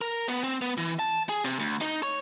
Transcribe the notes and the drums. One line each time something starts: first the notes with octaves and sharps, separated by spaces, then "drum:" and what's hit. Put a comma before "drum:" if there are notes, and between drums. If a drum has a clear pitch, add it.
A#4
B3, drum: hi-hat
C4
B3
E3
A5
G#4
C3, drum: hi-hat
D2
D#4, drum: hi-hat
C#5